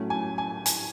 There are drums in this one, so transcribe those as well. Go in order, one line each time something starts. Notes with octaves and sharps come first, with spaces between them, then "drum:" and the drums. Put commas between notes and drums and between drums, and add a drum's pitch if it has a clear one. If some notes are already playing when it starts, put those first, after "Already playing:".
Already playing: A2 F#3 A3 C#4
G#5
G#5
G#5, drum: hi-hat